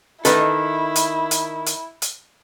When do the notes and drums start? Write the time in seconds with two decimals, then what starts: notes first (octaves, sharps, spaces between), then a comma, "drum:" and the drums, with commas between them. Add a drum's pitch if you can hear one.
0.25 D#3 E4 A4 B4 E5, drum: hi-hat
0.96 drum: hi-hat
1.31 drum: hi-hat
1.67 drum: hi-hat
2.02 drum: hi-hat